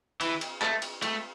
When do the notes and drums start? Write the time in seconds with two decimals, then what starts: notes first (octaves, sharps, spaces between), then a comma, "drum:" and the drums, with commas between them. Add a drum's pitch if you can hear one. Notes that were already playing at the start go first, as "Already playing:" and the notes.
0.21 E3, drum: cymbal
0.41 drum: cymbal
0.62 A3, drum: clap
0.82 drum: cymbal
1.02 A3, drum: cymbal